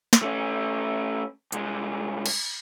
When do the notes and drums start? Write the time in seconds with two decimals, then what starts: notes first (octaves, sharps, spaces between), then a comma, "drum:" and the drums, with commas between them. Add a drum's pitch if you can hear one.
0.13 drum: snare
0.22 A3 C#4
1.52 C2 G#3, drum: hi-hat
2.26 drum: cymbal